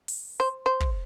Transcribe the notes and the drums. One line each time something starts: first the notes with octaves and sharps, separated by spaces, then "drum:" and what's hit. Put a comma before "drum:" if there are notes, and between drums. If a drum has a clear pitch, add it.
drum: open hi-hat
C5
C5
drum: kick